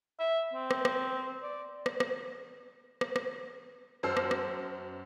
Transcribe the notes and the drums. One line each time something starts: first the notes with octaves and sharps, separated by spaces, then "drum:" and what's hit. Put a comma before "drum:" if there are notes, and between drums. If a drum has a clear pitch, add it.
E5
C4
drum: rim click
drum: rim click
D5
drum: rim click
drum: rim click
drum: rim click
drum: rim click
F#2 C5 A5 E6 F6 C7
drum: rim click
drum: rim click